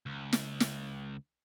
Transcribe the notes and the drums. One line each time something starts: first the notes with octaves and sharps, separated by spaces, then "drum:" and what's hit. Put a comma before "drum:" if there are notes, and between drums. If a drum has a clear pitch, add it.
C#2
drum: snare
drum: snare